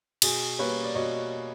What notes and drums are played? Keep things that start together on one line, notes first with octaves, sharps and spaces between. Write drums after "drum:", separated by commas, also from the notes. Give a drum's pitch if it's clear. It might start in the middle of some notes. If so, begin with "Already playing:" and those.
B2 G#4, drum: cymbal
G3 A#3 B4 C#5
D5
B2 C#5 D#5